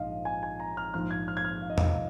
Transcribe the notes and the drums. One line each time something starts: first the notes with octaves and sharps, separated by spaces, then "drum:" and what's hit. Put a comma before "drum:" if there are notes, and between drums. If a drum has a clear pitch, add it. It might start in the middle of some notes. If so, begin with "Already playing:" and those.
Already playing: A#1 G#2 F3 D#5 F5
G#5
G#5
A#5
F6
A#1 G#2 F3 F6
G#6
F6
G#6
F6
F5
D#5
F5, drum: tom E2